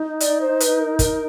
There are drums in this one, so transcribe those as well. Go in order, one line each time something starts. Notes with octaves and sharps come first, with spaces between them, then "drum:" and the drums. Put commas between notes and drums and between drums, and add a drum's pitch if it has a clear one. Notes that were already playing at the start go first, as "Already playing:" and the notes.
Already playing: D#4
D5, drum: hi-hat
C5
B4, drum: hi-hat
A#4
A#4, drum: kick G1, hi-hat